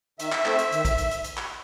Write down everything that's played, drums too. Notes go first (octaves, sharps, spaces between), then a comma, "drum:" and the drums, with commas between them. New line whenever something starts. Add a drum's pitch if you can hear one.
D#3 E5, drum: hi-hat
drum: clap
A3 C4, drum: clap
drum: hi-hat
D#3, drum: hi-hat
drum: kick, hi-hat
drum: hi-hat
drum: hi-hat
drum: hi-hat
drum: clap